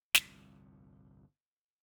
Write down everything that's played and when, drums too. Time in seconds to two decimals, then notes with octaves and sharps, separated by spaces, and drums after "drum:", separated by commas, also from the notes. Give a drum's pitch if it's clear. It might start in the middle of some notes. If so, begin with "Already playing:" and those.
0.15 G1 C2 F2 A#2, drum: snare